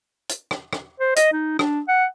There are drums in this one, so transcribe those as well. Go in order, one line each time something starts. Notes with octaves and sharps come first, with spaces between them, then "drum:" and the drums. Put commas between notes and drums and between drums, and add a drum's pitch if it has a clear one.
drum: hi-hat
drum: rim click
drum: rim click
C5
D#5, drum: hi-hat
D#4
D4, drum: rim click
F#5